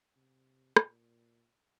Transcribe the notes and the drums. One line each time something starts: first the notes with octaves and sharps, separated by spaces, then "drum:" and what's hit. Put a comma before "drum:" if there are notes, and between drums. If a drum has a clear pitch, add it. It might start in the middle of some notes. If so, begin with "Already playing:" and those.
C3
A#2, drum: rim click